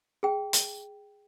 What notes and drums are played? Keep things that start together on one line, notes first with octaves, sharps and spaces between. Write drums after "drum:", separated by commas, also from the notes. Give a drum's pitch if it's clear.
G#4 G5
drum: hi-hat